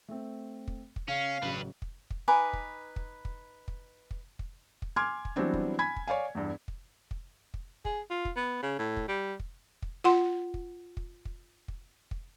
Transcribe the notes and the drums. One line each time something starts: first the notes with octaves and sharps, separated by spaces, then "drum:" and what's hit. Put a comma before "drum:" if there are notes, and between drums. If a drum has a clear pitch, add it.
A3 C4
drum: kick
drum: kick
C#3 C#4 F5
A1 C#3 F#3 G3 B4
drum: kick
drum: kick
D#4 B4 G#5 D6
drum: kick
drum: kick
drum: kick
drum: kick
drum: kick
drum: kick
drum: kick
G#5 C6 D6 F6 G#6
drum: kick
E3 F#3 G3 B3 C4 D4
drum: kick
G#5 B5 G#6 B6
drum: kick
C#5 D5 F5 G#5
E2 G2
drum: kick
drum: kick
drum: kick
G#4, drum: kick
F4
drum: kick
B3
C#3
A2
drum: kick
G3
drum: kick
drum: kick
F4 F#5 C6
drum: kick
drum: kick
drum: kick
drum: kick
drum: kick